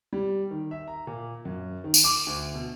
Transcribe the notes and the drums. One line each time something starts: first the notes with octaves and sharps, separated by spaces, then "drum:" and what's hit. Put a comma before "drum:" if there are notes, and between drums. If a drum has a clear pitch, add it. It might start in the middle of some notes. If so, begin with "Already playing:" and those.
G3
D#3
E5
A#5
A#2
F#2
D#3
drum: tambourine
D6
D2
B2